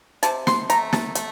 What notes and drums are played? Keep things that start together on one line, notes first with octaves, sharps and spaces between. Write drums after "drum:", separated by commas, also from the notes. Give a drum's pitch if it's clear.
C3 A5, drum: hi-hat
C6, drum: snare
A3 A#5, drum: hi-hat
A5, drum: snare
A3, drum: hi-hat